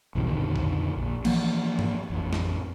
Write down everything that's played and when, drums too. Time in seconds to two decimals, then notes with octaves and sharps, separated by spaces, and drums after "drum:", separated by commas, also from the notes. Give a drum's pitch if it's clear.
0.15 B1 E2 G2 C#3
0.30 F2 A#2 D3 D#3
0.56 drum: kick
0.96 A#1
1.25 E3 F3 A#3, drum: cymbal
1.79 drum: tom G2
2.10 A1 F2
2.33 drum: snare